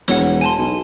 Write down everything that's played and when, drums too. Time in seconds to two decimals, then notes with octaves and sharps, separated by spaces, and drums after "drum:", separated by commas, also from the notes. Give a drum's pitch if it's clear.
0.08 E1 C#5 F#5, drum: snare
0.41 G#5 A5 C6
0.58 B1